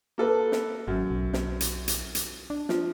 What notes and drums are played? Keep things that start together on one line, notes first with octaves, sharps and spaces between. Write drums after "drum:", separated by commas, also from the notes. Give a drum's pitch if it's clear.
A#3 A4 B4
drum: snare
G#1 F#2
B1
drum: snare
drum: hi-hat
drum: hi-hat
drum: hi-hat
D4
F3, drum: snare